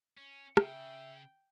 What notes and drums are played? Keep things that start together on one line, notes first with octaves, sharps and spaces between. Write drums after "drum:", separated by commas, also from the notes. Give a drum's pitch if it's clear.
C#4
C#3 E5 G5, drum: rim click